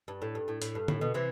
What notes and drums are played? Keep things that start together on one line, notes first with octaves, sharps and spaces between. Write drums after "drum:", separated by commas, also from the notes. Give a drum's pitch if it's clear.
G2
A2
G2
A2
A2, drum: hi-hat
G2
A2, drum: tom D3
B2
C3 E3